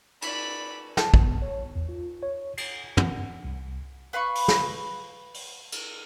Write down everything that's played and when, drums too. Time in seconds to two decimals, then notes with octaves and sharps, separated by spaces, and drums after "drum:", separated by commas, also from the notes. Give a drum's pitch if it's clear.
0.22 D5 B5, drum: cymbal
0.97 A5, drum: snare
1.14 B3, drum: kick
1.42 C#5
1.76 E2
1.89 F4
2.23 C#5
2.58 C7, drum: cymbal
2.97 F#5, drum: tom
3.44 C2
4.13 B4 F5 B5 C#6
4.35 drum: open hi-hat
4.48 drum: snare
5.34 drum: open hi-hat
5.72 drum: cymbal